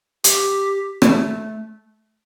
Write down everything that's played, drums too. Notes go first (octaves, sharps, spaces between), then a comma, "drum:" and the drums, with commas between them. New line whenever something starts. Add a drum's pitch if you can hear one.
G4, drum: hi-hat
A3, drum: rim click